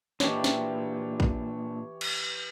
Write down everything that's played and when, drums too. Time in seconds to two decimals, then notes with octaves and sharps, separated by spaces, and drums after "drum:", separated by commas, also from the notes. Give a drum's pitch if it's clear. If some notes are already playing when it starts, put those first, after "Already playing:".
0.20 A#2 E3 D4 G4 C#5, drum: snare
0.44 drum: snare
1.20 drum: kick A#1
2.01 drum: cymbal